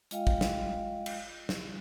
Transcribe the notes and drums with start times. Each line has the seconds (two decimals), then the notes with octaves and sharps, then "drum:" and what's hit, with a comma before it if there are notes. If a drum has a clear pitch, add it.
0.11 G#3 F4 D#5 F5 G5, drum: hi-hat
0.27 drum: kick
0.41 drum: snare
1.06 drum: cymbal
1.49 drum: snare